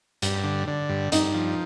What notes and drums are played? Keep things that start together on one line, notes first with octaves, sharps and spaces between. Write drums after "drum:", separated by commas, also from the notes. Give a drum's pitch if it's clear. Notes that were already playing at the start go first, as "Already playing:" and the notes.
G2, drum: hi-hat
D3
D3
G2
G2 D#4, drum: hi-hat
F3